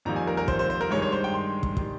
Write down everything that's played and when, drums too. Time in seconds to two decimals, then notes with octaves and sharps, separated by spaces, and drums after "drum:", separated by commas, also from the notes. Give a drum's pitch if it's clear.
0.05 F2 D#3 G3 A#3 A#5
0.16 G#5
0.27 A#4
0.37 A#4
0.48 C5, drum: kick
0.59 C5
0.70 C5
0.81 A#4
0.91 G2 D#3 G#3 C#5
1.02 C#5
1.12 C5
1.24 G5
1.34 C6
1.63 drum: kick
1.77 D#3 G3, drum: kick